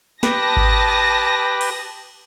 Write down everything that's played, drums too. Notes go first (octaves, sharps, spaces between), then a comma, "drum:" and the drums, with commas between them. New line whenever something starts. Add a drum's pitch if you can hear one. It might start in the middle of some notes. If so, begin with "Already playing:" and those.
G4 B4 A5 D#6 A#6, drum: snare
drum: kick G#1
drum: cymbal